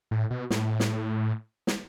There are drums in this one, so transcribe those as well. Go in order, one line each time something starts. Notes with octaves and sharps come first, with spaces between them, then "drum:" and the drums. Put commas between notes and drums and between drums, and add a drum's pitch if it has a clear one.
A2
B2
A2, drum: snare
drum: snare
drum: snare